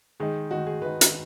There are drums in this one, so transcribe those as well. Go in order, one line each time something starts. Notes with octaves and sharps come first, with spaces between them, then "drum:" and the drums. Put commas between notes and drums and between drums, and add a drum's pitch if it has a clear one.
D#3 G#3 D#4 G#4
D#3 G#3 D#4 F#4
G#4
D#3 G#3 D#4 B4
drum: hi-hat